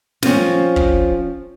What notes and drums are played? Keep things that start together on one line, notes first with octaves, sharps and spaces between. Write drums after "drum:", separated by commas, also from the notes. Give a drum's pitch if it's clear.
F3 C4 C#4, drum: snare
drum: kick